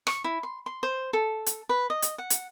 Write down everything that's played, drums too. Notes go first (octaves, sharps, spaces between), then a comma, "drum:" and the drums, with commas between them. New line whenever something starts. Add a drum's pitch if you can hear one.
C#6, drum: rim click
E4
C6
C6
C5
A4
drum: hi-hat
B4
D#5
drum: hi-hat
F#5
drum: hi-hat